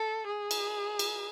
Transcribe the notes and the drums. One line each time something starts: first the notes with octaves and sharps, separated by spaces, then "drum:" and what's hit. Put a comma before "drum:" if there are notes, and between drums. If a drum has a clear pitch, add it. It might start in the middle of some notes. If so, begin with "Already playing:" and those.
Already playing: A4
G#4
drum: cymbal
drum: cymbal